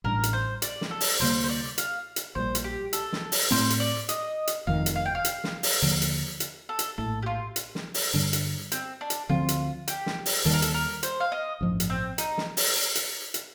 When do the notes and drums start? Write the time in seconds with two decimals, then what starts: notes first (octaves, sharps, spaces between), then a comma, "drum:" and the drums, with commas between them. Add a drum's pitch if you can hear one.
0.04 A1 A2 G3 D4 A#4
0.23 drum: hi-hat
0.33 C5
0.62 D5, drum: hi-hat
0.81 drum: snare
0.91 A4
1.01 drum: open hi-hat
1.14 D5
1.20 D2 C3 G3 A#3 C5
1.44 C5
1.49 D5
1.78 F5, drum: hi-hat
2.16 drum: hi-hat
2.35 A#1 A#2 G3 C5
2.55 drum: hi-hat
2.64 G4
2.93 A4, drum: hi-hat
3.13 drum: snare
3.32 drum: open hi-hat
3.51 A2 A3 C4 C5
3.70 drum: hi-hat
3.80 D5
4.09 D#5, drum: hi-hat
4.47 drum: hi-hat
4.67 F1 F2 D#3 F5
4.86 drum: hi-hat
4.96 F5
5.05 G5
5.15 F5
5.25 drum: hi-hat
5.44 drum: snare
5.63 drum: open hi-hat
5.82 D#2 D3 F3
6.02 drum: hi-hat
6.40 drum: hi-hat
6.69 A4
6.79 drum: hi-hat
6.98 A#1 A2 A3 A4
7.22 G4
7.26 F4
7.56 drum: hi-hat
7.75 drum: snare
7.94 drum: open hi-hat
8.14 G2 D3 G3 D4
8.33 drum: hi-hat
8.72 C4, drum: hi-hat
9.01 D4
9.10 drum: hi-hat
9.29 D2 D3 F3 C4 F4
9.49 drum: hi-hat
9.88 G4, drum: hi-hat
10.06 drum: snare
10.26 drum: open hi-hat
10.45 D#2 D#3 G3 A4
10.53 A#4
10.62 A4, drum: hi-hat
10.74 A#4
11.03 C5, drum: hi-hat
11.20 F5
11.32 D#5
11.61 A1 G2 F3
11.80 drum: hi-hat
11.90 C4
12.18 D#4, drum: hi-hat
12.38 drum: snare
12.57 drum: open hi-hat
12.95 drum: hi-hat
13.34 drum: hi-hat